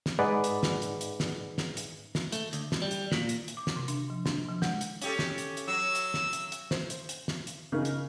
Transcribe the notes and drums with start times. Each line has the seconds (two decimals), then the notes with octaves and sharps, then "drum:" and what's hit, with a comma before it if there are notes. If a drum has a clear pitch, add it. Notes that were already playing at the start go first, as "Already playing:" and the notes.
0.06 drum: snare
0.19 G#2 D#4 G#4 B4 D5 F#5
0.44 drum: hi-hat
0.63 drum: snare
0.82 drum: hi-hat
1.01 drum: hi-hat
1.20 drum: snare
1.58 drum: snare
1.77 drum: hi-hat
2.15 drum: snare
2.32 A3, drum: hi-hat
2.53 D2, drum: hi-hat
2.72 drum: snare
2.82 G3
2.91 drum: hi-hat
3.12 A#2, drum: snare
3.29 drum: hi-hat
3.48 drum: hi-hat
3.57 D6
3.67 drum: snare
3.76 C3
3.88 D4, drum: hi-hat
4.10 F3
4.26 D4, drum: snare
4.49 F3
4.62 G#3, drum: snare
4.81 drum: hi-hat
5.02 C#4 G4 A4, drum: hi-hat
5.19 drum: snare
5.38 drum: hi-hat
5.57 drum: hi-hat
5.68 F#3 E6
5.95 drum: hi-hat
6.14 drum: snare
6.33 drum: hi-hat
6.52 drum: hi-hat
6.71 C5, drum: snare
6.90 drum: hi-hat
7.09 drum: hi-hat
7.28 drum: snare
7.47 drum: hi-hat
7.72 C#3 D#4 A#4
7.85 drum: hi-hat